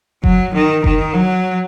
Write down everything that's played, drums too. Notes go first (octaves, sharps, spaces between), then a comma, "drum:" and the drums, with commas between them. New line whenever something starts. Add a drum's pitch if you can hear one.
F#3, drum: kick F#1
D#3
D#3, drum: kick F#1
F#3